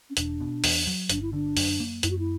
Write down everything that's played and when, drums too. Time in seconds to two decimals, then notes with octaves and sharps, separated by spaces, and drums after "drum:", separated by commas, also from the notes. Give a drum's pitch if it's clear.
0.10 C#4
0.17 E1 D4, drum: hi-hat
0.41 B2
0.64 E2, drum: open hi-hat
0.87 F#3
1.09 G1 D4, drum: hi-hat
1.22 E4
1.33 D3 D4
1.57 F#2, drum: open hi-hat
1.80 A#3
2.03 F#2 E4, drum: hi-hat
2.11 F#4
2.19 E4